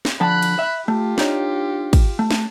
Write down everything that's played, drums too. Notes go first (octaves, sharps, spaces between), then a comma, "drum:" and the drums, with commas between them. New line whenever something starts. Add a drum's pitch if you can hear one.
drum: snare
D3 F3 A5 B5 F#6
drum: cymbal
E5
A3 F4 G4
D4 D#4 C#5, drum: snare
drum: kick, cymbal
A3
drum: snare